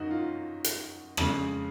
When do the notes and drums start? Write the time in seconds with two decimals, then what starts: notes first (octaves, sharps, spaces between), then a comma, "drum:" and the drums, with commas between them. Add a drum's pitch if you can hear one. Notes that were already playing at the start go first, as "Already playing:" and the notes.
Already playing: F#2 D#3 F#3 D#4 F#4
0.11 F4
0.64 drum: hi-hat
1.17 F2 C#3 G#3, drum: rim click